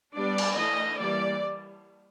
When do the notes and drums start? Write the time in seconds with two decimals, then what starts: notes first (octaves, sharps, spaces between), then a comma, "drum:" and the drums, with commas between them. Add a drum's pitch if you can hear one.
0.15 G3 B3 D4 D5
0.38 drum: cymbal
0.56 E3 A3 D4 D#5
0.98 E3 G3 A#3 D5